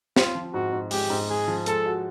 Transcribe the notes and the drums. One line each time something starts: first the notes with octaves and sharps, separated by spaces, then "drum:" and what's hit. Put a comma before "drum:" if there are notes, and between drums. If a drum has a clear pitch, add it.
C4 F4, drum: snare
F3
G#2 F#4
G#2
G#3 G4, drum: open hi-hat
G#2
G#3 G#4
F3
G#3 A4, drum: hi-hat
F#4